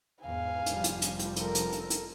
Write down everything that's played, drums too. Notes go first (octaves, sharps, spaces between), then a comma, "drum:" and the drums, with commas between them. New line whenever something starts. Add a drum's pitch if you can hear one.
E2 G#2 F5 G#5
F1 F3 G3, drum: hi-hat
drum: hi-hat
drum: hi-hat
drum: hi-hat
A4 A#4, drum: hi-hat
drum: hi-hat
drum: hi-hat
drum: hi-hat